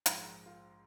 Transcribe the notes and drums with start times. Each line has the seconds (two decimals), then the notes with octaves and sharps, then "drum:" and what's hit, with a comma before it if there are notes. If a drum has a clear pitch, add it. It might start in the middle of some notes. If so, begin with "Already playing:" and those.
0.06 A#1 G#2 F3 A#4, drum: hi-hat
0.46 F4